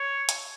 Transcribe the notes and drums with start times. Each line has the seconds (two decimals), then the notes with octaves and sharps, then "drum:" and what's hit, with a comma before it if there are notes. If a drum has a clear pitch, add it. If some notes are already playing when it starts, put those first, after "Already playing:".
Already playing: C#5
0.29 drum: hi-hat